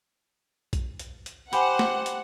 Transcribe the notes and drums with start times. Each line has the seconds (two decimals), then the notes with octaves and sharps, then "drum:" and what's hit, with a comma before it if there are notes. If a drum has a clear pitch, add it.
0.73 drum: kick A#1, hi-hat
0.99 drum: hi-hat
1.26 drum: hi-hat
1.53 G4 C5 F#5 G#5 B5, drum: hi-hat
1.79 drum: snare
2.06 drum: hi-hat